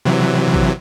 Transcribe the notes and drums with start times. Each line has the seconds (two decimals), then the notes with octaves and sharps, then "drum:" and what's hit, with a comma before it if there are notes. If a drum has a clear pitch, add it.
0.05 C3 E3 F#3
0.54 drum: kick A1